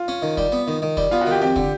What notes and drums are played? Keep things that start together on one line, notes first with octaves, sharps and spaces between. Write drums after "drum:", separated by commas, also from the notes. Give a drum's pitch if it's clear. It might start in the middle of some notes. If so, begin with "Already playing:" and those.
Already playing: F4
C#4
D#3
G3, drum: kick
B3
D#3
D#3
G3, drum: kick
B3 F4
D#3 F#4
G4
F2 G4
D3, drum: kick